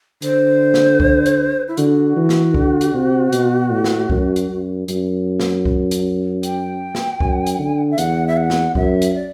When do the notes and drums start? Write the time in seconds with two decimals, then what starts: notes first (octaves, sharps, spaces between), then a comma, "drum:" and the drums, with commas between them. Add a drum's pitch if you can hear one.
0.22 D3 C5, drum: hi-hat
0.74 drum: snare
1.00 drum: kick C2
1.26 drum: hi-hat
1.68 E4
1.77 D3 F#4, drum: hi-hat
2.16 E3
2.29 drum: snare
2.54 D3, drum: kick C2
2.81 drum: hi-hat
2.94 C3
3.32 B2, drum: hi-hat
3.71 A2
3.84 drum: snare
4.10 F#2, drum: kick C2
4.36 drum: hi-hat
4.50 F#2
4.88 F#2, drum: hi-hat
5.40 drum: snare
5.65 drum: kick C2
5.91 drum: hi-hat
6.43 G5, drum: hi-hat
6.95 drum: snare
7.20 F#2, drum: kick C2
7.47 drum: hi-hat
7.59 D3
7.91 E5
7.98 E2 F#5, drum: hi-hat
8.27 E5
8.37 F#5
8.50 drum: snare
8.75 F#2 E5, drum: kick C2
9.02 drum: hi-hat
9.14 D5